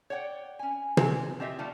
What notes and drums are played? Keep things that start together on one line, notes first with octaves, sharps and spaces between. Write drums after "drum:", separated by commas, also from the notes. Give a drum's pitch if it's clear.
C#5 D5 F#5 G5
C#4 G#5
E3 G#3 C4, drum: tom
C4 F4 G4 D#5 E5
D3 G3 A3 D4 F4